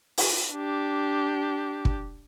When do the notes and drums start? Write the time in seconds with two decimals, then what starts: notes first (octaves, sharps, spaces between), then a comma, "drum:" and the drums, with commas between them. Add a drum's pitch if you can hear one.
0.18 drum: open hi-hat
0.53 D4 G4
1.85 drum: kick